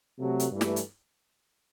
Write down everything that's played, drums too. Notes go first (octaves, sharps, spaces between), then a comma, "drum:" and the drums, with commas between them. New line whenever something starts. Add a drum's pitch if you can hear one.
C3 F#3 A3
drum: hi-hat
G2 E3 A3
drum: snare
drum: hi-hat